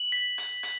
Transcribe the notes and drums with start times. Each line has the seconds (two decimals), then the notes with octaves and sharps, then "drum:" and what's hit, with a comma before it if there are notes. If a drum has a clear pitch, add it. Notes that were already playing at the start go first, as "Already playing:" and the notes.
Already playing: F#7
0.12 B6
0.38 drum: hi-hat
0.63 drum: hi-hat